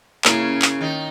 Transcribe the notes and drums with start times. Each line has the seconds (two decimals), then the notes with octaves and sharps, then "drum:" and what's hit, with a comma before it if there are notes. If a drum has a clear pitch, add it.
0.25 C#3 A#3 C#4 E4 A#4, drum: clap
0.62 drum: clap
0.81 D#3 D#4